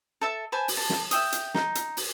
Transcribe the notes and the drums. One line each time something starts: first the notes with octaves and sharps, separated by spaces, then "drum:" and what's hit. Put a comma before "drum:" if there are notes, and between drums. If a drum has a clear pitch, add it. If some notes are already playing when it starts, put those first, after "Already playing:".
A4 E5 A5
B4 C5 G#5 A5
drum: open hi-hat
A5
drum: snare
E5 G5 D#6, drum: hi-hat
drum: hi-hat
D#4, drum: snare
drum: hi-hat
drum: open hi-hat